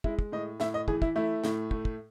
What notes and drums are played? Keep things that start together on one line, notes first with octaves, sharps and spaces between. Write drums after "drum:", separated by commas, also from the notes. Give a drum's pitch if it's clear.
G#3 E4, drum: kick
drum: kick
A2 D#5
A2 E5, drum: snare
D#5
E3 G#4, drum: kick
E4, drum: kick
A3 E4
A2, drum: snare
A3, drum: kick
drum: kick